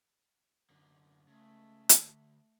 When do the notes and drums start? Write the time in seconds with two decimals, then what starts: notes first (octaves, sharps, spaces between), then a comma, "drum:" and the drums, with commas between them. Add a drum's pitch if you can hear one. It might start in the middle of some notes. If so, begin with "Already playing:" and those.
0.70 F#2 D3
1.28 C#2 C#3 A3
1.89 D2, drum: hi-hat